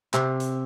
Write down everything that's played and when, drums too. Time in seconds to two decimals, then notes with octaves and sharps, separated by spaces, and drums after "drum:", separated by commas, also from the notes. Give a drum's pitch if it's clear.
0.14 C3, drum: clap
0.40 drum: hi-hat